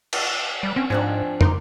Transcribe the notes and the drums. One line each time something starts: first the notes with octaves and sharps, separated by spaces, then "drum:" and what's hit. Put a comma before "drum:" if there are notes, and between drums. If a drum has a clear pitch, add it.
drum: cymbal
G3
C4 C#4
G#2 F3 C4 D4 G#5 F#6
D#4 A#4 C6 D6, drum: tom